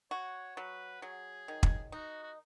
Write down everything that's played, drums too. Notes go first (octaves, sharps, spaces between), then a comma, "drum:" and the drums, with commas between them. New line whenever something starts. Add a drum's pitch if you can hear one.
F#4 C#5
F#3 B4
F#3 G#4
D#3
drum: kick
D#4 F#4
F#4